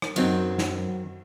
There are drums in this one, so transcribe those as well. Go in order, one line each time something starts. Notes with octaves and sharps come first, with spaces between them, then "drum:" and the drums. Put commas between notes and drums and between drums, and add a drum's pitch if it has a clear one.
drum: rim click
F#2 D#3 F#3 C4, drum: cymbal
drum: snare